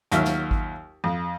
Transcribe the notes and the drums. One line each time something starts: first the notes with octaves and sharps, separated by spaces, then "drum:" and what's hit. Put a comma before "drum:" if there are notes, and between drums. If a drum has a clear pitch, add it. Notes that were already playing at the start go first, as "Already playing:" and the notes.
D#2 F#3 F4 E5 F6, drum: hi-hat
drum: snare
drum: kick G#1
F2